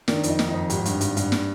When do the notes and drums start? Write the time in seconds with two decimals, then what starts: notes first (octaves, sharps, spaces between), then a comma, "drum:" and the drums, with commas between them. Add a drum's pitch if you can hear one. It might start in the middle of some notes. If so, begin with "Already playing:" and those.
0.08 D#3 D4, drum: snare
0.23 F2 D#4, drum: hi-hat
0.39 D#3, drum: snare
0.49 F2 D#4
0.70 G#1 G4, drum: hi-hat
0.85 G2, drum: hi-hat
1.01 G#1, drum: hi-hat
1.17 G2, drum: hi-hat
1.32 drum: snare